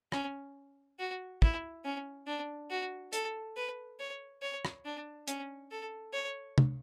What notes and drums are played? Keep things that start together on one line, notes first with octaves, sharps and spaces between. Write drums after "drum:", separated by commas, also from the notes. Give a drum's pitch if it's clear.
C#4, drum: rim click
F#4
E4, drum: kick
C#4
D4
F#4
A4, drum: hi-hat
B4
C#5
C#5
drum: rim click
D4
C#4, drum: hi-hat
A4
C#5
drum: tom C3